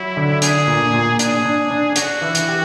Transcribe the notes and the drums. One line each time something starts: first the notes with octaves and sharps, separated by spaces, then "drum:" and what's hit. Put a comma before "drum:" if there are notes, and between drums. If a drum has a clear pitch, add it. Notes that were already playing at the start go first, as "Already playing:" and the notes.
Already playing: F#3 E4
D3
D4 G#4, drum: hi-hat
A#2
A#2
D4 G#4, drum: hi-hat
D4
D4
D4 F#4, drum: hi-hat
E3
drum: hi-hat
G4